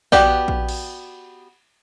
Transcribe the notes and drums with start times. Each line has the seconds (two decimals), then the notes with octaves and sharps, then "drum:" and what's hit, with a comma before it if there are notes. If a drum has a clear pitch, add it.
0.12 B3 F#4 G4 D5 G5, drum: kick A#1
0.48 drum: kick A#1
0.69 drum: cymbal